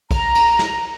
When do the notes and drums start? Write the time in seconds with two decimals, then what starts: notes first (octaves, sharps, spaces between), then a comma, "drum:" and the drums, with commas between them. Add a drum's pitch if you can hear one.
0.11 A#5, drum: kick A#1, cymbal
0.35 drum: cymbal
0.59 drum: snare